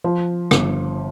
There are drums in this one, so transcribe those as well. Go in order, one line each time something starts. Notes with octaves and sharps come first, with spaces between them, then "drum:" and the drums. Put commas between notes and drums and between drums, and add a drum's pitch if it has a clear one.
F3
G1, drum: rim click